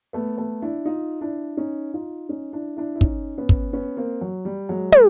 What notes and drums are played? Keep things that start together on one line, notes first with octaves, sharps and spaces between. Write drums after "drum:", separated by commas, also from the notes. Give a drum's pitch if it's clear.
A3 B3
A3 B3
D4 E4
D#4 F4
D4 E4
C#4 D#4
D#4 F4
C#4 D#4
D4 E4
D4 E4
E4
C#4 D#4, drum: kick
B3 C#4
drum: kick
B3 C#4
A#3 C4
F#3
G3
F#3 G#3
G#3 A#3, drum: tom